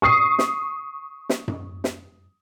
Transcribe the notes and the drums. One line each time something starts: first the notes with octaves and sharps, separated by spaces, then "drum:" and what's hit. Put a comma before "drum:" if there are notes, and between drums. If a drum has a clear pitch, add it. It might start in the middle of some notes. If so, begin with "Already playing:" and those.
C#6 D#6 C7
drum: snare
drum: snare
drum: tom F#2
drum: snare